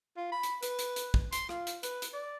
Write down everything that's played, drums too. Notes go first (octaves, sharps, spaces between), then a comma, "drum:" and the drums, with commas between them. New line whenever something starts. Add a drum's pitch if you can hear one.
F4
B5
drum: hi-hat
B4, drum: hi-hat
drum: hi-hat
drum: hi-hat
drum: kick
C6, drum: hi-hat
F4, drum: rim click
drum: hi-hat
B4, drum: hi-hat
drum: hi-hat
D5